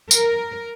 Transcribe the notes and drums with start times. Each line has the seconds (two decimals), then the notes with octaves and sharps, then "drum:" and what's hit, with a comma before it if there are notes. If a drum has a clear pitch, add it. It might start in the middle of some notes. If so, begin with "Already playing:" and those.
0.11 A#4, drum: tambourine